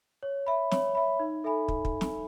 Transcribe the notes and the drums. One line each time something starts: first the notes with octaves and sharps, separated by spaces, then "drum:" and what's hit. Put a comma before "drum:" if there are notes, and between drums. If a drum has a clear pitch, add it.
C#5
E5 B5
C#5, drum: snare
E5 B5
D#4
A4 E5 G#5 B5
drum: kick
drum: kick
drum: snare